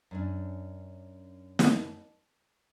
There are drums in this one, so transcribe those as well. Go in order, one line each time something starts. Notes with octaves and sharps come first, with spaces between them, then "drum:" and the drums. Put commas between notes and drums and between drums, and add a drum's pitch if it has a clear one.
F#2 C#4 D4
drum: snare